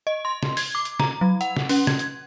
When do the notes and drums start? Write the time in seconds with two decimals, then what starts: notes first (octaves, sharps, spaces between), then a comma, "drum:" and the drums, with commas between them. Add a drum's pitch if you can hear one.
0.07 D#5
0.25 C6
0.43 drum: snare
0.57 G#6, drum: open hi-hat
0.75 D6
0.85 drum: hi-hat
1.00 A#5, drum: snare
1.21 F#3
1.41 F#5, drum: hi-hat
1.56 drum: snare
1.69 C#4, drum: open hi-hat
1.87 G#6, drum: snare
1.99 drum: hi-hat